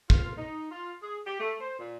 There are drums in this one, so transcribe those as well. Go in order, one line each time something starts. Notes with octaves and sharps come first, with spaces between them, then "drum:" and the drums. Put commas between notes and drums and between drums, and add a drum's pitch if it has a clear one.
F4, drum: kick
D#4
F4
G#4
G4
A3
C5
A#2